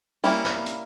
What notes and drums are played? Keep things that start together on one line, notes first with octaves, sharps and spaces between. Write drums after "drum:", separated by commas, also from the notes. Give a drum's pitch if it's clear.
G3 A#3 C#4 E4, drum: open hi-hat
drum: snare
drum: hi-hat